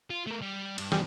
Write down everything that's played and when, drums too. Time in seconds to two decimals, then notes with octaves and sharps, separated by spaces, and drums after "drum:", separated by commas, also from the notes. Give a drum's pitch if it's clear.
0.10 F4
0.27 A3 A#4
0.42 G3
0.78 G2, drum: cymbal
0.92 G3 G#4, drum: snare